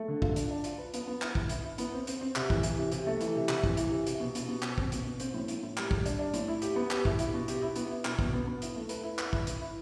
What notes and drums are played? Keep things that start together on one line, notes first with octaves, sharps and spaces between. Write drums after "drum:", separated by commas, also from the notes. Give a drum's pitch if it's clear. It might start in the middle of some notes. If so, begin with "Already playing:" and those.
Already playing: A3
D3
F4, drum: kick
D4, drum: hi-hat
D4
F4, drum: hi-hat
B4
B3, drum: hi-hat
B3
E4, drum: clap
E4, drum: kick
E4, drum: hi-hat
E4
B3, drum: hi-hat
C4
C4, drum: hi-hat
C4
C3, drum: clap
E3, drum: kick
E3, drum: hi-hat
C3
C3, drum: hi-hat
A3
E3, drum: hi-hat
C3
C3, drum: clap
E3, drum: kick
E3, drum: hi-hat
C3
C3, drum: hi-hat
B2
B2, drum: hi-hat
B2
B2, drum: clap
C4, drum: kick
B2, drum: hi-hat
B2
C4, drum: hi-hat
A2
A2, drum: hi-hat
A2
G3, drum: clap
G3, drum: kick
D4, drum: hi-hat
D4
A2, drum: hi-hat
E4
G4, drum: hi-hat
B3
G4, drum: clap
E4, drum: kick
E4, drum: hi-hat
B2
G4, drum: hi-hat
E4
B3, drum: hi-hat
E4
B2, drum: clap
B2, drum: kick
B3
B3
E4, drum: hi-hat
A3
B4, drum: hi-hat
E4
B4, drum: clap
E4, drum: kick
E4, drum: hi-hat
E4